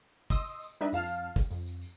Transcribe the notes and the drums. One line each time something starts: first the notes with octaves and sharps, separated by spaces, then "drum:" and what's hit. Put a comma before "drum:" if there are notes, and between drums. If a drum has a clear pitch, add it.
D#5 C6 D#6 E6, drum: kick, tambourine
drum: tambourine
drum: tambourine
G3 D4 D#4 B4 D#5 E5
F2 F5 A5 F6, drum: tambourine
drum: tambourine
drum: kick, tambourine
F2, drum: tambourine
drum: tambourine
drum: tambourine